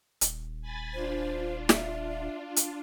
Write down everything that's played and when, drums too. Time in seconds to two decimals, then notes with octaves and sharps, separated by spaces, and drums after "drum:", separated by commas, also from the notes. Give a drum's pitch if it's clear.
0.21 D#1, drum: hi-hat
0.62 G#5 B5 A6
0.94 D4 F4 C5
1.69 E5, drum: snare
2.56 drum: hi-hat